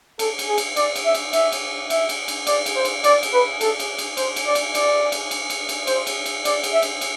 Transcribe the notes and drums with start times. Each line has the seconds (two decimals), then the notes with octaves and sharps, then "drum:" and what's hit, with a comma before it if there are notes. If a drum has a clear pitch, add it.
0.19 A4, drum: cymbal
0.39 drum: cymbal
0.48 G#4
0.58 drum: cymbal
0.76 D5, drum: cymbal
0.96 drum: cymbal
1.05 E5
1.14 drum: cymbal
1.33 E5, drum: cymbal
1.52 drum: cymbal
1.90 E5, drum: cymbal
2.09 drum: cymbal
2.28 drum: cymbal
2.47 D5, drum: cymbal
2.66 drum: cymbal
2.76 C5
2.85 drum: cymbal
3.04 D5, drum: cymbal
3.23 drum: cymbal
3.33 B4
3.61 A4, drum: cymbal
3.80 drum: cymbal
3.98 drum: cymbal
4.17 C5, drum: cymbal
4.36 drum: cymbal
4.46 D5
4.55 drum: cymbal
4.75 D5, drum: cymbal
5.12 drum: cymbal
5.31 drum: cymbal
5.50 drum: cymbal
5.69 drum: cymbal
5.87 C5, drum: cymbal
6.07 drum: cymbal
6.26 drum: cymbal
6.45 D5, drum: cymbal
6.63 drum: cymbal
6.73 E5
6.82 drum: cymbal
7.01 drum: cymbal